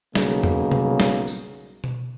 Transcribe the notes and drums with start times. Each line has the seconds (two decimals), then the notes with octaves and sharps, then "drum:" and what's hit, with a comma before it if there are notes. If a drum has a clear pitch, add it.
0.15 B1 C#3 A#3, drum: snare
0.43 drum: tom E2
0.72 drum: tom C3
1.00 drum: snare
1.28 drum: tambourine
1.84 drum: tom B2